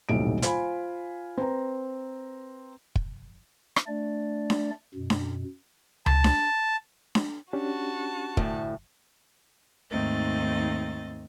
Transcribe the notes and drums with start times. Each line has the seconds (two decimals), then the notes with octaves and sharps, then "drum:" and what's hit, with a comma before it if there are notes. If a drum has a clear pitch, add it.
0.09 D#1 B1 A2 C3 D#4 D7
0.42 F4 C5 F5 G#5 B5, drum: hi-hat
1.38 C4 B4 A#5
2.95 drum: kick
3.76 drum: rim click
3.87 A3 D4 D5
4.50 drum: snare D4
4.94 F#2 B2
5.10 drum: snare D4
6.06 A5, drum: tom C#2
6.24 drum: snare D4
7.15 drum: snare D4
7.53 C#4 D4 F#4 G4 A5
8.37 D2 A2, drum: kick
9.91 D#2 G#2 A3 C4 D#5 A6